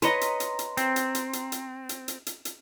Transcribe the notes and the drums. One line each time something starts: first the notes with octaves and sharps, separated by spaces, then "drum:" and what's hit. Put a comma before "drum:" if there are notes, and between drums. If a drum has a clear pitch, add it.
B4 C#5 D#5 A#5 C6, drum: hi-hat
drum: hi-hat
drum: hi-hat
drum: hi-hat
C4, drum: hi-hat
drum: hi-hat
drum: hi-hat
drum: hi-hat
drum: hi-hat
drum: hi-hat
drum: hi-hat
drum: hi-hat
drum: hi-hat